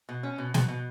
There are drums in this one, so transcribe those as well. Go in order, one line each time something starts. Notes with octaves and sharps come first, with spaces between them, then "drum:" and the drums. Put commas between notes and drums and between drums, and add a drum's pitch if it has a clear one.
B2
C#4
B2
B2, drum: snare
B2